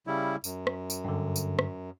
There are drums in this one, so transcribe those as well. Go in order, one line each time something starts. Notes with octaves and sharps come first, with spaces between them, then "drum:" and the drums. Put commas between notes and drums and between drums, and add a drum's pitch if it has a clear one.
C#3 G3 E4
F#2, drum: tambourine
drum: rim click
drum: tambourine
G2 D3
drum: tambourine
drum: rim click